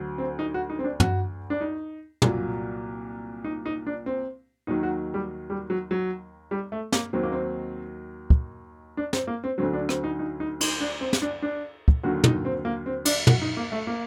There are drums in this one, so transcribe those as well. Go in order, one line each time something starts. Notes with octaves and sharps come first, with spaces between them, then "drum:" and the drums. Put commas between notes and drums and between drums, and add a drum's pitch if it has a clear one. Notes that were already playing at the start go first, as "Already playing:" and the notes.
Already playing: D2 D3 F#3
C4
D#4
F#4
D#4
C4
D4
F#4, drum: tom
D4
D#4
C2 A#2 F#3, drum: tom
D#4
D#4
D4
C4
D#2 D#3 F#3 D#4
F#4
G3
G3
F#3
F#3
G3
A3
A#3, drum: snare
D#2 D#3 F#3 C4
A#3
C4
drum: kick
D4
C4, drum: snare
A#3
C4
D2 D3 F#3 C4
D4
C4, drum: rim click
D#4
D#4
D#4
D#4, drum: cymbal
D4
C4
drum: snare
D4
D4
drum: kick
D#2 D3 F#3 F#4
D#4, drum: tom
C4
A#3
C4
D4, drum: cymbal
F#4, drum: tom
D#4
A#3
A3
A#3